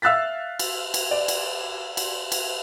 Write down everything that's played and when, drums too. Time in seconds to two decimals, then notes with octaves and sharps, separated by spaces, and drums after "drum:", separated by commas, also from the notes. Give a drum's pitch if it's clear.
0.02 E5 F5 E6 F#6 A6 B6
0.59 drum: cymbal
0.94 drum: cymbal
1.11 D5
1.28 drum: cymbal
1.97 drum: cymbal
2.32 drum: cymbal